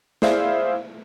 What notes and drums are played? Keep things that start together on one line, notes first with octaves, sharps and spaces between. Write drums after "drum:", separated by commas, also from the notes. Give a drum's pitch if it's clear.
E4 G#4 C5 D5 E5 F5, drum: snare